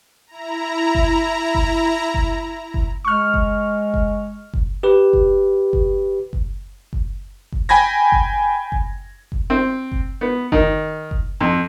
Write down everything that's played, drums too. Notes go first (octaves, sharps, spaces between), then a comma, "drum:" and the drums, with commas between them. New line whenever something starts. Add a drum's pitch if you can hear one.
E4 A#5
drum: kick F#1
drum: kick F#1
drum: kick F#1
drum: kick F#1
G#3 C#6 F6
drum: kick F#1
drum: kick F#1
drum: kick F#1
G4 B4
drum: kick F#1
drum: kick F#1
drum: kick F#1
drum: kick F#1
drum: kick F#1
G5 G#5 B5 G#6 A#6
drum: kick F#1
drum: kick F#1
drum: kick F#1
C4
drum: kick F#1
B3
D#3, drum: kick F#1
drum: kick F#1
F2